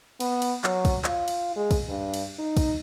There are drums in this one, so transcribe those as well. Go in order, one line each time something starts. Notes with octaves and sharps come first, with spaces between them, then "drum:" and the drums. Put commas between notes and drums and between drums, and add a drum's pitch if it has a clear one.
B3, drum: cymbal
drum: cymbal
F#3, drum: clap
drum: kick, cymbal
F4, drum: clap
drum: cymbal
G#3
drum: kick, cymbal
G2
drum: cymbal
D#4
drum: kick, cymbal